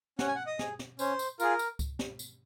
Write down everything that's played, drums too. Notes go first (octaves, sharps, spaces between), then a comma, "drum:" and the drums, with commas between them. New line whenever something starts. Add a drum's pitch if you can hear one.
C#4 F#5, drum: snare
G#5
F#5
D#5
G#4, drum: snare
drum: snare
C#4 C5, drum: tambourine
drum: tambourine
F4 G#4 A#4, drum: tambourine
drum: tambourine
drum: kick C#2, tambourine
drum: snare
drum: tambourine